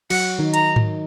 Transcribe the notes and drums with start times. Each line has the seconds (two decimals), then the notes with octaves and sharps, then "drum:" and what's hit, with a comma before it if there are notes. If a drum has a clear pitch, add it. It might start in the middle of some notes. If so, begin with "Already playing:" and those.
0.10 F#3 F#4 F#5, drum: cymbal
0.39 D#3 D#4
0.54 A#5, drum: hi-hat
0.76 drum: tom G#2